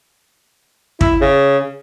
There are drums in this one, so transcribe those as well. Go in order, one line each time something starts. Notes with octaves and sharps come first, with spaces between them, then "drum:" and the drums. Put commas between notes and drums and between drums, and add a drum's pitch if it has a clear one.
E4, drum: kick
C#3